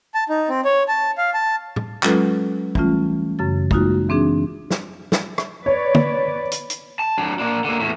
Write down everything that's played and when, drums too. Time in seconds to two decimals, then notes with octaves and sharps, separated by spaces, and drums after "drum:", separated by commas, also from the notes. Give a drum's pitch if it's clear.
0.14 A5
0.29 D#4
0.49 C4
0.65 C#5
0.88 A5
1.18 F5
1.34 A5
1.76 drum: tom
2.03 F#3 G#3 C#4 F4 A4 B4, drum: clap
2.75 E3 G3 A3 C#4 F4, drum: kick
3.39 F#2 C#3 A6
3.71 G#3 A#3 D#4 F4 F#4, drum: kick
4.09 E3 C4 D4 G#4
4.71 drum: snare
5.12 drum: snare
5.38 drum: rim click
5.66 B4 C#5 D5
5.95 drum: tom
6.52 drum: hi-hat
6.70 drum: hi-hat
6.99 A5
7.18 F#3 D4
7.39 A#3 D4
7.64 D3 A#3
7.80 E2 A2